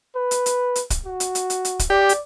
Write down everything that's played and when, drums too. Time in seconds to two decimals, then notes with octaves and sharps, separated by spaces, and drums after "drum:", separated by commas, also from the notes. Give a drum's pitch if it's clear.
0.16 B4
0.31 drum: hi-hat
0.46 drum: hi-hat
0.76 drum: hi-hat
0.90 drum: kick, hi-hat
1.06 F#4
1.20 drum: hi-hat
1.35 drum: hi-hat
1.50 drum: hi-hat
1.65 drum: hi-hat
1.79 drum: kick, hi-hat
1.90 G4 D5
2.09 drum: hi-hat